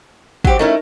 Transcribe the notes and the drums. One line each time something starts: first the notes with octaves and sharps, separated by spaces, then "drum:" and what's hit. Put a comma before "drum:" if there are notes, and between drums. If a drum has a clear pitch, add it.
F#3 G4 C5 F#5, drum: kick
A3 C#4 D#4 E4 A#4